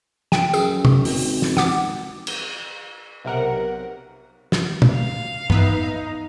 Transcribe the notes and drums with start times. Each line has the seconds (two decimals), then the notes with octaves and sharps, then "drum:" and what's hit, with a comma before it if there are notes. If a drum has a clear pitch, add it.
0.32 G5, drum: snare
0.54 F#2 G#4, drum: tambourine
0.85 drum: tom
1.05 G#1, drum: open hi-hat
1.42 drum: snare
1.57 F#5 D6, drum: snare
2.27 drum: cymbal
3.25 B1 C3 A#4 F#5
4.52 drum: snare
4.82 drum: tom
4.93 F5
5.50 B3 D#4 B4 E5, drum: tom G2